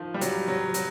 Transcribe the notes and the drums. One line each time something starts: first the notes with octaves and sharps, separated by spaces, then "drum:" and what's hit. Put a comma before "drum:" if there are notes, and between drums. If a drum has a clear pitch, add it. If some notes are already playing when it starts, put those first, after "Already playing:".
Already playing: D#3 F3
G3
F#3, drum: hi-hat
F#3
F#3, drum: hi-hat